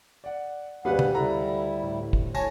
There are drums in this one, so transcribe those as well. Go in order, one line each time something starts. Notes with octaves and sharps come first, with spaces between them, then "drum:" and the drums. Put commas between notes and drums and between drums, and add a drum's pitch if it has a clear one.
D5 F#5
D2 G3 C#4 G4 G#4 B4 F5 F#5
drum: tom C3
G3 E4 A4 A#5 B5
A2
drum: kick
A2 C#5 G#5 A5 A#6, drum: tambourine